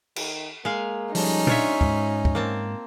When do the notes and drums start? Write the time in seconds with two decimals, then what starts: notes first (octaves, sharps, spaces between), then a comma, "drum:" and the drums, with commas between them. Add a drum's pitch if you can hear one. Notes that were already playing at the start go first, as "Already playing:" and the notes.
0.16 D#3, drum: cymbal
0.65 G#3 A#3 F5
1.15 F3 G3 C#4 D#4 A4, drum: open hi-hat
1.47 D4 F4 C#5 E5, drum: tom A#2
1.81 G#2, drum: kick
2.25 drum: kick
2.35 A#3 C4 A5